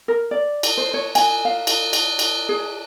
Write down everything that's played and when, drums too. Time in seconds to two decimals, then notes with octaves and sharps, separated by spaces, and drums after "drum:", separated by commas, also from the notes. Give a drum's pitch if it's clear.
0.08 A#4
0.31 D5
0.63 drum: cymbal
0.78 C5
0.94 C#5
1.15 G#5, drum: cymbal
1.45 F5
1.67 drum: cymbal
1.93 drum: cymbal
2.19 drum: cymbal
2.49 G#4